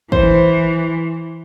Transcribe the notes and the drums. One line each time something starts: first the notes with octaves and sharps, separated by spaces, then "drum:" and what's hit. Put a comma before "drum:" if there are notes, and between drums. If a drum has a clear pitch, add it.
E3 C5, drum: kick